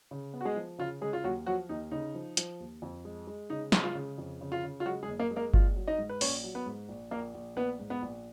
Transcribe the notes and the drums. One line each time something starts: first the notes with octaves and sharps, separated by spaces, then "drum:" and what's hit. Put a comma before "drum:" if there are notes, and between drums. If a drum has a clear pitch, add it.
C#3
B3
F#4
G#3 G#4
F3
C#3 F4
C#3 G#3 G#4
F4
D#2 F#3 F#4
F3 F#3 F#4
D#2 D#4
C#3 D#4
F3
F3, drum: hi-hat
D#2
F2
G#3
G#3
C#3 D#4
G#3, drum: snare
F4
C#3
F2
C#3
F4
C#3
F4
F#3 G#3 F#4
G#3 G#4
F#1
A#3 A#4
G#3
A#3 A#4
A#1 F4, drum: kick G1
F#3
D#4 D#5
G#2
B4
A#1 C#4 C#5, drum: open hi-hat
F#3
B3 B4
G#2
A#1
A#1 A#3 A#4
A#1
A#1 B3 B4
G#2
B3 B4
A#1